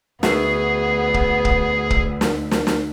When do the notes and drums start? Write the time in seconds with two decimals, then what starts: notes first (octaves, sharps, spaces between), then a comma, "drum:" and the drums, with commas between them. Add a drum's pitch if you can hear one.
0.23 D2 B3 F#4 G#4 E5, drum: snare
1.14 drum: kick
1.45 drum: kick
1.90 drum: kick
2.21 drum: snare
2.51 drum: snare
2.67 drum: snare